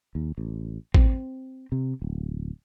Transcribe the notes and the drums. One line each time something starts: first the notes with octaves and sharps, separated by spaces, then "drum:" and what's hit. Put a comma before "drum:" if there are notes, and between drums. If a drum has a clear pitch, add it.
D#2
A1
C4, drum: kick
C3
D1